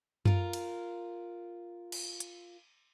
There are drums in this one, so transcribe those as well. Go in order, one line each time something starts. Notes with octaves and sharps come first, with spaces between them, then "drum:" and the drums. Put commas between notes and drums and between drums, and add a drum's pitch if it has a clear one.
F4 A#4, drum: tom F#2
drum: cymbal
drum: cymbal
drum: hi-hat